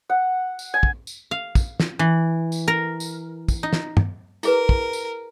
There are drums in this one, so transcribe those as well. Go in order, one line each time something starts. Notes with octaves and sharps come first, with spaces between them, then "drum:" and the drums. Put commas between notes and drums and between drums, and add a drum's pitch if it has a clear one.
F#5
drum: tambourine
G#5
drum: kick
drum: tambourine
F5
drum: kick, tambourine
drum: snare
E3
drum: tambourine
A#4
drum: tambourine
drum: kick, tambourine
D#4
drum: snare
drum: tom
E4 G#4 A#4 B4, drum: tambourine
drum: kick
drum: tambourine